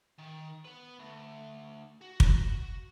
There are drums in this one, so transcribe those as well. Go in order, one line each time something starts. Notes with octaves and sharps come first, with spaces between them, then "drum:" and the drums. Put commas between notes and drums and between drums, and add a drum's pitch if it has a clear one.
D#3
B4 F#5
D2
F#4
drum: kick